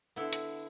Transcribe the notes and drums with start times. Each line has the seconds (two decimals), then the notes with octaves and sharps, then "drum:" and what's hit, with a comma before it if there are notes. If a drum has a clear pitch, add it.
0.16 D3 B3 E4
0.33 drum: hi-hat